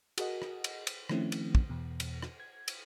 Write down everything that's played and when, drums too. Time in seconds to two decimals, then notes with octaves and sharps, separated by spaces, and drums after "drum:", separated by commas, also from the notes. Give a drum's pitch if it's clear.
0.18 F#4 G#4 A#4 D#5 F#5, drum: cymbal
0.42 drum: rim click
0.64 drum: cymbal
0.87 drum: cymbal
1.09 D#3 F3 A3 C4 C#4 E4, drum: rim click
1.32 drum: cymbal
1.55 drum: kick
1.69 E2 B2
2.00 drum: cymbal
2.22 drum: rim click
2.40 G#6
2.68 drum: cymbal